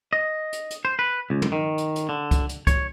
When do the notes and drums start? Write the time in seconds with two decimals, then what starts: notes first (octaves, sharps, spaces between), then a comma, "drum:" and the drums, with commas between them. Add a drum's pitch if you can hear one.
0.13 D#5
0.53 drum: hi-hat
0.70 drum: hi-hat
0.85 C5
0.99 B4
1.30 C#2
1.42 drum: tom
1.52 D#3
1.78 drum: hi-hat
1.95 drum: hi-hat
2.09 D3
2.31 drum: kick, hi-hat
2.49 drum: hi-hat
2.67 C#5, drum: kick, hi-hat